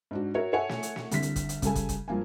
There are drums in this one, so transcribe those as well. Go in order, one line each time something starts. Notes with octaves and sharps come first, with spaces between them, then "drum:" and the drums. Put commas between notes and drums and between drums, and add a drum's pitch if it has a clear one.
G#2 D4 F#4
F#4 A#4 C#5 E5
A4 C#5 E5 F#5 G#5
drum: snare
drum: hi-hat
drum: snare
C2 D3 B6, drum: hi-hat
drum: hi-hat
drum: kick, hi-hat
drum: hi-hat
C#3 G3 A4 G#5, drum: kick, hi-hat
drum: kick, hi-hat
drum: kick, hi-hat
G2 F3 A#3 G#5